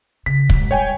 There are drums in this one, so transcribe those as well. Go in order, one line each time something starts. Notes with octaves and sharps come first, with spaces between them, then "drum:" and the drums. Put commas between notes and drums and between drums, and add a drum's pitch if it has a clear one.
C#3 B6
B1 G#2, drum: kick
G3 C#5 G5 G#5